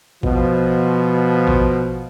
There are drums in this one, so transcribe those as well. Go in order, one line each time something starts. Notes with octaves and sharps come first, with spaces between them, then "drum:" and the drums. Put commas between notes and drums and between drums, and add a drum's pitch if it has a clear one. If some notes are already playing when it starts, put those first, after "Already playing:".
B2 F3, drum: kick A1
drum: kick A1